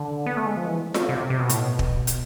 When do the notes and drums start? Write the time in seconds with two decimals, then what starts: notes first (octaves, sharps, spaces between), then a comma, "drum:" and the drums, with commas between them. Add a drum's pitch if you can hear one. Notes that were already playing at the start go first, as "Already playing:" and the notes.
Already playing: D3
0.26 B3
0.37 A3
0.46 G#3
0.57 F3
0.66 E3
0.94 drum: snare F4
1.09 C3
1.30 C3
1.39 B2
1.49 A2, drum: hi-hat
1.59 B2
1.79 drum: kick
2.07 drum: hi-hat